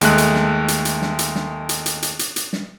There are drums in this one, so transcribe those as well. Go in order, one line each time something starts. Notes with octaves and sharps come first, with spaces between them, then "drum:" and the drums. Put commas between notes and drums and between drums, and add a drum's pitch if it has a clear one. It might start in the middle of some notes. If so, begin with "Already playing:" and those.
D#2 G#3 A3 F#6, drum: hi-hat
drum: hi-hat
drum: snare
drum: hi-hat
drum: hi-hat
drum: snare
drum: hi-hat
drum: snare
drum: hi-hat
drum: hi-hat
drum: hi-hat
drum: hi-hat
drum: hi-hat
drum: snare